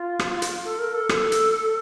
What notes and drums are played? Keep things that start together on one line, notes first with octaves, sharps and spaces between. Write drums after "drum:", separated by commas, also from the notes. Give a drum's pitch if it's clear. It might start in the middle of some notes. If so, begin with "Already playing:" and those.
Already playing: F4
drum: rim click
drum: hi-hat
A4
A#4
A4
drum: rim click
drum: hi-hat